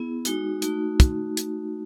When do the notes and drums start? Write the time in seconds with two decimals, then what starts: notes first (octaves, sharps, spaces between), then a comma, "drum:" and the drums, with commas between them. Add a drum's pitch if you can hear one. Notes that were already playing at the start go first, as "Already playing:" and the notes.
Already playing: B3 E4 G#4
0.25 G#3 D#4 F#4, drum: hi-hat
0.62 A3 D#4 F#4, drum: hi-hat
1.00 drum: kick, hi-hat
1.37 drum: hi-hat